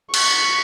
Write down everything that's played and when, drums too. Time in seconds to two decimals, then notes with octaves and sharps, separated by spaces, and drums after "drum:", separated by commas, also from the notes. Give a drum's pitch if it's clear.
0.14 C#6, drum: cymbal